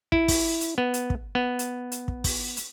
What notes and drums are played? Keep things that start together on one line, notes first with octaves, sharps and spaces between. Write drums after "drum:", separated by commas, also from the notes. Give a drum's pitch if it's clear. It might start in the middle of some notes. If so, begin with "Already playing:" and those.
E4, drum: kick
drum: kick, open hi-hat
drum: hi-hat
B3
drum: hi-hat
drum: kick
B3
drum: hi-hat
drum: hi-hat
drum: kick
drum: kick, open hi-hat
drum: hi-hat